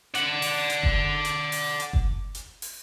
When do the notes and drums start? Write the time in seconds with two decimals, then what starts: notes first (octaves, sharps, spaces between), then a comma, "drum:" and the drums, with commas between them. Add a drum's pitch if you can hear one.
0.15 D5 F#5, drum: hi-hat
0.42 drum: open hi-hat
0.70 drum: hi-hat
0.83 drum: kick F#1
1.25 drum: hi-hat
1.52 drum: open hi-hat
1.80 drum: hi-hat
1.93 drum: kick F#1
2.35 drum: hi-hat
2.62 drum: open hi-hat